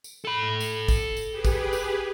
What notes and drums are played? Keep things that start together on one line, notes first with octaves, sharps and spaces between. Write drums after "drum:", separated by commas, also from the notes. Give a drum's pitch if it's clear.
drum: tambourine
A4 B5
drum: tambourine
drum: kick, tambourine
drum: tambourine
G4 G#4 B4
drum: kick, tambourine
drum: tambourine